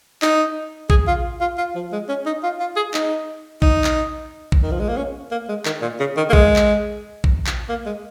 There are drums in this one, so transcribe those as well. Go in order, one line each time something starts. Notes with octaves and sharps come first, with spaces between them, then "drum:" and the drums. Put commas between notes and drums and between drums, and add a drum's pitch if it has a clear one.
D#4, drum: clap
G#4, drum: kick A#1
F4
F4
F4
F3
G#3
C#4
D#4
F4
F4
G#4
D#4, drum: clap
D#4, drum: kick A#1
drum: clap
drum: kick A#1
D#3
F3
G#3
A#3
C#4
A#3
G#3
D#3, drum: clap
A#2
C#3
D#3
A#3
G#3, drum: kick A#1
drum: clap
drum: kick A#1
drum: clap
A#3
G#3